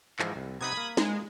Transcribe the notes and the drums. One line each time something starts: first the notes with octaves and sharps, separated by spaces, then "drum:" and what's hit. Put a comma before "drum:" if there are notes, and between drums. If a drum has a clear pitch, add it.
G#2 E3 F3, drum: clap
C2
C3 B3 D#4 B5 D#6 G#6
A#3
G#3, drum: snare